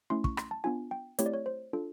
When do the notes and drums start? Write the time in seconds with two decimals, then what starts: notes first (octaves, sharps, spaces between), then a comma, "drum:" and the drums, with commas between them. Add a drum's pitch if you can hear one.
0.10 A3 C#4 E4 C6
0.24 C#6, drum: kick
0.37 C6, drum: rim click
0.51 A5
0.64 B3 D4 F4 G#5
0.91 G5
1.19 A3 C4 E4 G4 C#5, drum: hi-hat
1.26 D5
1.33 C#5
1.46 C5
1.73 D4 F4 A4